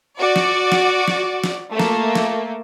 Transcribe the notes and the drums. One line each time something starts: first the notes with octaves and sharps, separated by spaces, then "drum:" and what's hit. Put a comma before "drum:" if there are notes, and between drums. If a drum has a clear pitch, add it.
F#4 D5
drum: snare
drum: snare
drum: snare
drum: snare
A3 A#3
drum: snare
drum: snare